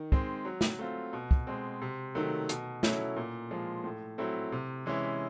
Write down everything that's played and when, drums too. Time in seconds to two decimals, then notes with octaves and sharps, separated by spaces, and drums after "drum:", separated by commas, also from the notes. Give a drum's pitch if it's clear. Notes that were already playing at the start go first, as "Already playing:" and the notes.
Already playing: D#3
0.12 G#3 C4, drum: kick
0.45 F#3
0.61 drum: snare
0.79 A3 C4 F4
1.13 B2
1.31 drum: kick
1.47 G#3 C4
1.82 C3
2.15 D#3 F#3 A3
2.49 B2, drum: hi-hat
2.83 F#3 A3 C#4 E4, drum: snare
3.16 A#2
3.51 F3 G#3
3.84 A2
4.18 F#3 A3 C4 E4
4.52 C3
4.86 E3 G#3 C#4 E4